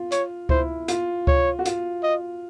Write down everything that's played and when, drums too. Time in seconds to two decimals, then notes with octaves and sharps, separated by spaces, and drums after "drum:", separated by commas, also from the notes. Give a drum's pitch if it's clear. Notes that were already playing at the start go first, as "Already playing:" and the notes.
Already playing: F4
0.12 C#5, drum: hi-hat
0.49 E4 C5, drum: kick C#2
0.88 F4, drum: hi-hat
1.27 C#5, drum: kick C#2
1.59 F#4
1.65 F4, drum: hi-hat
2.03 D#5